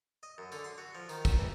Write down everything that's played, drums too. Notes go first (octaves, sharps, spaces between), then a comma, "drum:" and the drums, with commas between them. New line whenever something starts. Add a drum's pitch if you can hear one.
D#5
F#2
D3, drum: tambourine
C6
F#4
F3
D#3, drum: tambourine
drum: kick, tambourine
E3